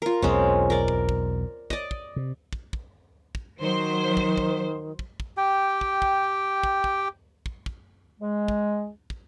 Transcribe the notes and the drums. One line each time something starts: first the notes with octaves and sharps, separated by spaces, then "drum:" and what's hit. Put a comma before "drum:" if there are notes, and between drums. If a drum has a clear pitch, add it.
F4 A#4
B1 E2 G#3 C4 C#4
A#4 D5
drum: kick
drum: kick
D5 D#5, drum: kick
drum: kick
C3
drum: kick
drum: kick
drum: kick
D#3 F#3 C5
drum: kick
drum: kick
drum: kick
drum: kick
G4 G5
drum: kick
drum: kick
drum: kick
drum: kick
drum: kick
drum: kick
G#3
drum: kick
drum: kick